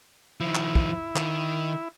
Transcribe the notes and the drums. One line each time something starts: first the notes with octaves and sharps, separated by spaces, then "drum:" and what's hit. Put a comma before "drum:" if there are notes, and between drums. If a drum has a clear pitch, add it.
D#3 F3 E4
drum: clap
drum: kick
D#3, drum: clap